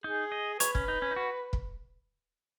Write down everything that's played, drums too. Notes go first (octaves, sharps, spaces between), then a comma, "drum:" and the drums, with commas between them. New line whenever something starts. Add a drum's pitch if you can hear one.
D#4 G#4
D#5
B4 C#5, drum: hi-hat
C#4, drum: kick
D#4
C#4
D#4
F#4
drum: kick